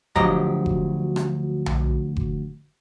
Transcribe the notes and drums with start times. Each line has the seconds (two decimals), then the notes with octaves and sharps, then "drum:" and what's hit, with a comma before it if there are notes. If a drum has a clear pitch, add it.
0.16 D2 F3 F#3 G4 D#5 A#5, drum: kick F#1
0.66 drum: kick F#1
1.16 drum: rim click
1.66 drum: tom B1
2.16 drum: kick F#1